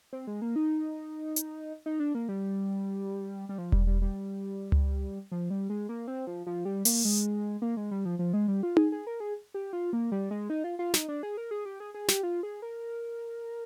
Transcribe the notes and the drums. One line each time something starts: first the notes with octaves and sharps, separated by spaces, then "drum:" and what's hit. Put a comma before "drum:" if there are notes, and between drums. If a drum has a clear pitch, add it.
C4
G#3
A#3
D#4
drum: hi-hat
D#4
D4
A#3
G3
G3
F3
G3, drum: kick E1
G3
G3
drum: tom C#2
F3
G3
G#3
A#3
C4
F3
F3
G3
A#3, drum: open hi-hat
G#3
A#3
G#3
G3
F3
F3
G#3
G3
F4
G#4, drum: tom D#4
G#4
A#4
G#4
G4
F4
A#3
G3
G#3
D#4
F4
F4
D#4, drum: snare
D4
G#4
A#4
G#4
G4
G#4
G#4
G4, drum: snare
F4
G#4
A#4